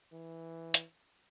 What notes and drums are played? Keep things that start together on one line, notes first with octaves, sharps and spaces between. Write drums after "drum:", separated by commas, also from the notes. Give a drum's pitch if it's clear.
E3
drum: hi-hat